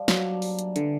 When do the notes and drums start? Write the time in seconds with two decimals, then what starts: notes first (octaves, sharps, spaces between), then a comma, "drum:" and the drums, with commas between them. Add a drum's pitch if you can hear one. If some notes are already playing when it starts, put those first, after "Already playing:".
Already playing: F3 G3
0.08 F#3 A#3, drum: snare
0.25 D4
0.42 G2, drum: open hi-hat
0.59 E3, drum: hi-hat
0.76 D3 B3, drum: hi-hat